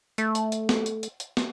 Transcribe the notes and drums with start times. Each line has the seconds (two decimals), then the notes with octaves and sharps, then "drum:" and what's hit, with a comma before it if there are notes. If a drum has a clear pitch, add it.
0.18 A3, drum: hi-hat
0.35 drum: hi-hat
0.52 drum: hi-hat
0.69 drum: snare
0.86 drum: hi-hat
1.03 drum: hi-hat
1.20 drum: hi-hat
1.37 drum: snare